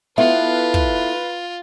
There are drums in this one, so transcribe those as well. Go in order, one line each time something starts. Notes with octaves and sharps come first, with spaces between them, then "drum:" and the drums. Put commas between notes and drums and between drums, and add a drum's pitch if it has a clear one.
B3 E4 F4 A4 B4 E5
drum: kick